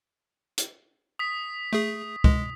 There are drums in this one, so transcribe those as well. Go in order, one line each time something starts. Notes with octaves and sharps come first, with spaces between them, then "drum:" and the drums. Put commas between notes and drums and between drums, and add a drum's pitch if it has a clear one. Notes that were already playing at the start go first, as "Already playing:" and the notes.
drum: hi-hat
D#6 B6
A3 G#4
G#3, drum: kick